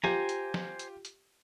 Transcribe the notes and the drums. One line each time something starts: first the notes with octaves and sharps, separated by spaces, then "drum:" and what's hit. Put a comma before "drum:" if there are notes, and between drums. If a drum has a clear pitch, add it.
F4 G4 C5 G#5 A#5, drum: snare
drum: hi-hat
drum: snare
drum: hi-hat
drum: hi-hat